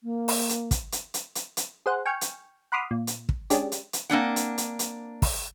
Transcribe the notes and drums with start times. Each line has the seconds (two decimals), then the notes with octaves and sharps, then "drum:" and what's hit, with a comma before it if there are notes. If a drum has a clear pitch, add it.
0.03 A#3
0.28 drum: open hi-hat
0.49 drum: hi-hat
0.71 drum: kick, hi-hat
0.92 drum: hi-hat
1.14 drum: hi-hat
1.35 drum: hi-hat
1.57 drum: hi-hat
1.86 G#4 C5 F#5
2.06 G5 G#5 C#6 F6
2.21 drum: hi-hat
2.72 F#5 B5 C6 D6 D#6 F6
2.91 A#2
3.07 drum: hi-hat
3.29 drum: kick
3.50 G#3 C#4 D4 G4, drum: hi-hat
3.72 drum: hi-hat
3.93 drum: hi-hat
4.10 A#3 C4 D4 F#5
4.36 drum: hi-hat
4.58 drum: hi-hat
4.79 drum: hi-hat
5.22 drum: kick, open hi-hat